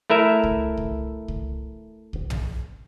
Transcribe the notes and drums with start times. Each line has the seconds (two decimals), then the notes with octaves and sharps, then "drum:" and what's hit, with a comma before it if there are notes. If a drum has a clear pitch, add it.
0.10 A3 E4 A#4 E5
0.43 drum: kick C2
0.77 drum: kick C2
1.28 drum: kick C2
2.13 drum: kick C2
2.30 drum: tom